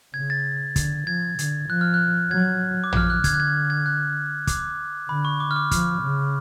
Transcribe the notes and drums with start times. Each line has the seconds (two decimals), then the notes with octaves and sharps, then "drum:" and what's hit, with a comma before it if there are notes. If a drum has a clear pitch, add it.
0.14 C#3 G#6
0.30 A6
0.76 D3, drum: kick, hi-hat
1.07 F3 G#6
1.39 D3, drum: hi-hat
1.69 F3 F#6
1.81 F6
1.94 F#6
2.31 F#3 G#6
2.84 D6
2.93 F3 F6, drum: tom
3.10 F#6
3.24 D3 G#6, drum: kick, hi-hat
3.34 F#6
3.40 G#6
3.70 G#6
3.86 F#6
4.47 D6, drum: kick, hi-hat
5.09 D3 B5
5.25 C#6
5.40 D6
5.51 F6
5.56 D6
5.71 F3 F6, drum: kick, hi-hat
6.02 C#3